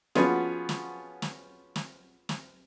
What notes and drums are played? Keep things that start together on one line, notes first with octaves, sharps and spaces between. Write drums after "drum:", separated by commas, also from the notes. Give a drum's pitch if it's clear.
F3 B3 C#4 F4 F#4 G#4, drum: snare
drum: snare
drum: snare
drum: snare
drum: snare